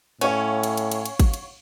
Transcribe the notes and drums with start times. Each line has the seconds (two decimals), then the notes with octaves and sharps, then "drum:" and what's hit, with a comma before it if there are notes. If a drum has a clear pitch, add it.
0.21 A2 C#4 C#5 F5 F#5, drum: cymbal
0.63 drum: cymbal
0.77 drum: cymbal
0.91 drum: cymbal
1.06 drum: cymbal
1.20 drum: kick G#1, cymbal
1.34 drum: cymbal